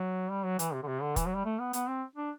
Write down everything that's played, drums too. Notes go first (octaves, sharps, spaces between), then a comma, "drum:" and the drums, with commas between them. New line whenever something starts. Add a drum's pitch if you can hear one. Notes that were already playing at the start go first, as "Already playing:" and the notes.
Already playing: F#3
G3
F#3
E3, drum: hi-hat
C3
D3
C3
D3
E3, drum: kick, hi-hat
F#3
G3
A3
B3
B3, drum: hi-hat
C4
D4